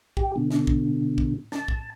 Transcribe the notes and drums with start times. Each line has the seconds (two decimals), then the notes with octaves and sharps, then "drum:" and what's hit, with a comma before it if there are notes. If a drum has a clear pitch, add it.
0.17 G4, drum: kick
0.36 B2 D3
0.51 drum: snare
0.67 drum: kick
1.18 drum: kick
1.52 A5, drum: snare
1.68 drum: kick